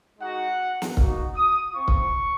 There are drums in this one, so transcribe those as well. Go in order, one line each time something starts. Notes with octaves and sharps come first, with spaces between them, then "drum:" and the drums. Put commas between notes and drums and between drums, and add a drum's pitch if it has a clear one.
G#3 D#4 F#4 F#5
drum: snare
A#3 D#4 F#4, drum: kick C#1
D#6
C4 F4 C#6
drum: kick C#1